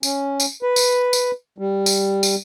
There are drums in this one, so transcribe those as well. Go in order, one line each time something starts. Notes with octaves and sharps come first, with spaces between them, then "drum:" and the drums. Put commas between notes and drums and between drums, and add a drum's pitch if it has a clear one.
C#4, drum: tambourine
drum: tambourine
B4
drum: tambourine
drum: tambourine
G3
drum: tambourine
drum: tambourine